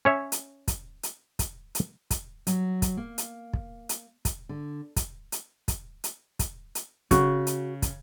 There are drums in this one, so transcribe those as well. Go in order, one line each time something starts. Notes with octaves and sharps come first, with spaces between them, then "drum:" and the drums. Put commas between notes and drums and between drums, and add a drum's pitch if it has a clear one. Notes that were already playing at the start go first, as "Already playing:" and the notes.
C#4 C#5 E5
drum: hi-hat
drum: kick, hi-hat
drum: hi-hat
drum: kick, hi-hat
drum: hi-hat
drum: kick, hi-hat
F#3, drum: hi-hat
drum: kick, hi-hat
A#3
drum: hi-hat
drum: kick
drum: hi-hat
drum: kick, hi-hat
D3
drum: kick, hi-hat
drum: hi-hat
drum: kick, hi-hat
drum: hi-hat
drum: kick, hi-hat
drum: hi-hat
C#3 F#4, drum: kick, hi-hat
drum: hi-hat
drum: kick, hi-hat